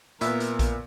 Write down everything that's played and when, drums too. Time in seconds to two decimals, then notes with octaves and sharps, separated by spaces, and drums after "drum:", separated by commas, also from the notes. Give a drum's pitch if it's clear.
0.21 A#2 B3 E4 A#4, drum: hi-hat
0.40 drum: hi-hat
0.59 drum: kick A#1, hi-hat